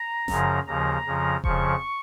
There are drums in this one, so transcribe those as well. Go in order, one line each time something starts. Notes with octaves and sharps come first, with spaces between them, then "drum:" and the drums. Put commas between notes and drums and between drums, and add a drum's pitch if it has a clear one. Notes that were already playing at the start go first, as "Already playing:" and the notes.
Already playing: A#5
F#2 C#3 F3, drum: snare F#1
D#2 C#3 F3 A#5
F2 C#3 F3
F2 C#3 F3 C#6, drum: kick E1